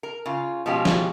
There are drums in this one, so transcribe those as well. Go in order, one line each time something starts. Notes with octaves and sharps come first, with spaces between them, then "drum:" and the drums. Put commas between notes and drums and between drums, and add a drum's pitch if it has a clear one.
A#4
C#3 F4
B2 F3 G#3 C#4 G4 F5
drum: snare